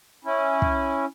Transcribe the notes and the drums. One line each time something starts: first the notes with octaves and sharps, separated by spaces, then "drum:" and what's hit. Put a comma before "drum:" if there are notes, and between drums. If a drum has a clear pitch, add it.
C#4 E4
drum: kick